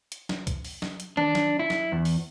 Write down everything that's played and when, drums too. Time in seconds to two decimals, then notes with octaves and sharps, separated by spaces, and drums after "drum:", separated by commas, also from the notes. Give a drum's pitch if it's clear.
0.12 drum: hi-hat
0.29 drum: snare
0.47 drum: kick C2, hi-hat
0.65 drum: open hi-hat
0.82 drum: snare
1.00 drum: hi-hat
1.17 D4, drum: tom D#3
1.35 drum: snare
1.59 E4
1.70 drum: snare
1.92 E2
2.05 drum: open hi-hat